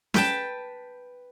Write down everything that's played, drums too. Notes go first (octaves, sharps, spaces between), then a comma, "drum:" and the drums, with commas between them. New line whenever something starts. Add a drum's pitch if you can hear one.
B4 G5 A5, drum: snare